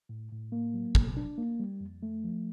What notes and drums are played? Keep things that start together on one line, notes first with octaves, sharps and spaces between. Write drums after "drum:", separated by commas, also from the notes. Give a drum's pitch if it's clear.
A2
A2
A#3
F#3
B2, drum: kick
D4
A#3
G3
F2
A3
F3